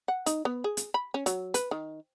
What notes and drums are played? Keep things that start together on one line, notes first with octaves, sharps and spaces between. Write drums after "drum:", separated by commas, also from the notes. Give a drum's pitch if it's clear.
F#5
D#4, drum: hi-hat
B3
G#4
drum: hi-hat
B5
C#4
F#3, drum: hi-hat
B4, drum: hi-hat
D#3